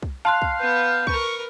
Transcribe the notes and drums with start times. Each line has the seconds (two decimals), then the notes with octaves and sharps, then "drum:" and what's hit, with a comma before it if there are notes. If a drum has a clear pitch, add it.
0.03 drum: kick
0.25 F5 A5 C6 F#6
0.42 drum: kick
0.58 B3 B4 G6
1.07 A#4 B4 C#6, drum: kick